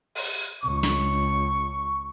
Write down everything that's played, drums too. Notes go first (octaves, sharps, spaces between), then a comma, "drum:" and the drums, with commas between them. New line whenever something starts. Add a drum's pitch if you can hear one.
drum: open hi-hat
C#2 C#6
drum: snare